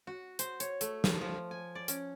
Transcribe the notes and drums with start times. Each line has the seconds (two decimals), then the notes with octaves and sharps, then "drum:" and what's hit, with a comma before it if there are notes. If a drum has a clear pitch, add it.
0.07 F#4
0.39 C5, drum: hi-hat
0.60 C#5, drum: hi-hat
0.81 A3, drum: hi-hat
1.04 F3, drum: snare
1.21 F3
1.51 G#5
1.75 D5
1.88 C#4, drum: hi-hat